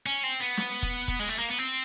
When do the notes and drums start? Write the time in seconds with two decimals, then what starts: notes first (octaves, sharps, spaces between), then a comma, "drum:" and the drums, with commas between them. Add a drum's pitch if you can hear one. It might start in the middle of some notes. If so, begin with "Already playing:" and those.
0.06 C#4
0.23 C4
0.40 B3
0.57 drum: snare
0.83 drum: kick
1.08 drum: kick
1.19 G#3
1.29 A3
1.39 A#3
1.49 B3
1.58 C4